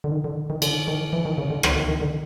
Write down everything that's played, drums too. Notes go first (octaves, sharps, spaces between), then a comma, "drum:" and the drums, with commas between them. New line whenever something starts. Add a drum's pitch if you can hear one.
D3
D#3
D3
D#3
D3, drum: cymbal
D#3
E3
D#3
C#3
D3
drum: rim click
D#3
D#3
D3